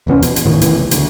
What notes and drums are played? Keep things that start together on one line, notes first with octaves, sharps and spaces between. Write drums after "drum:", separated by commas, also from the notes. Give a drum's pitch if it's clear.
F1 E2 B3 C#4
B2, drum: hi-hat
drum: hi-hat
G#1 D#2 A2 D#3
B2 D3 E3, drum: hi-hat
C#2
D2, drum: hi-hat